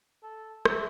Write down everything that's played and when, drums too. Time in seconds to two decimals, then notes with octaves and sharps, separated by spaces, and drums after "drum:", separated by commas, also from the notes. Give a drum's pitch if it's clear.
0.23 A4
0.65 E5, drum: rim click